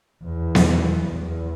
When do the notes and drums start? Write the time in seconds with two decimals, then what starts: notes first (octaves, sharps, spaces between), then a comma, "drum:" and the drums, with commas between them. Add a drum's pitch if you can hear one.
0.24 E2
0.55 drum: snare B3
1.09 E2